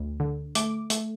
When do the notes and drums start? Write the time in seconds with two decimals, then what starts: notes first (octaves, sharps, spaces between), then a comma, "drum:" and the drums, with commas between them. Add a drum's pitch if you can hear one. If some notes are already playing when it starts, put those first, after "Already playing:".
Already playing: D2
0.20 D3
0.55 A3 D6, drum: hi-hat
0.90 A3, drum: hi-hat